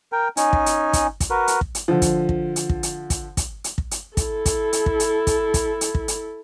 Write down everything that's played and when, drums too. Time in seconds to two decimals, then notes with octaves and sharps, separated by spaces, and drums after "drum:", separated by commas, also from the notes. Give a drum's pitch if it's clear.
0.12 A#4 G5
0.37 C#4 D#4 G#5, drum: hi-hat
0.53 drum: kick
0.66 drum: hi-hat
0.93 drum: kick, hi-hat
1.20 drum: kick, hi-hat
1.30 F#4 A#4 B4
1.48 drum: hi-hat
1.61 drum: kick
1.75 drum: hi-hat
1.88 D3 F3
2.02 drum: kick, hi-hat
2.29 drum: kick
2.56 drum: hi-hat
2.69 drum: kick
2.83 drum: hi-hat
3.10 drum: kick, hi-hat
3.37 drum: kick, hi-hat
3.64 drum: hi-hat
3.78 drum: kick
3.91 drum: hi-hat
4.17 E4 A4, drum: kick, hi-hat
4.46 drum: kick, hi-hat
4.73 drum: hi-hat
4.86 drum: kick
5.00 drum: hi-hat
5.27 drum: kick, hi-hat
5.54 drum: kick, hi-hat
5.81 drum: hi-hat
5.95 drum: kick
6.08 drum: hi-hat